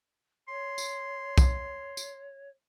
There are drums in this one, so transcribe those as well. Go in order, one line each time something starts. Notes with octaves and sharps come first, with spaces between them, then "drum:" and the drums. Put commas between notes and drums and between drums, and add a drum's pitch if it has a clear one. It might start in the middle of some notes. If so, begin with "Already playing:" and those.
C#5 C6
drum: tambourine
drum: kick, tambourine
drum: tambourine